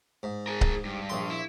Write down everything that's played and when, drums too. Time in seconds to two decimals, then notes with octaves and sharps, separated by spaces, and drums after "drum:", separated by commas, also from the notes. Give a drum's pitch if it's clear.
0.23 G#2
0.47 G#4 A#4
0.61 drum: kick C#1
0.85 G2
1.10 A#1 C6
1.30 E4